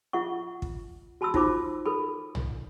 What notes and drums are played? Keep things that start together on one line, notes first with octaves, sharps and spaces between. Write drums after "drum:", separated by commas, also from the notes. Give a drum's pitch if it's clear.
F4 E5 F#5 C#6
drum: kick
F#4 A5 B5 C6 E6
D#4 F4 C5 B5 D6, drum: kick
A4 A#4 B5
drum: tom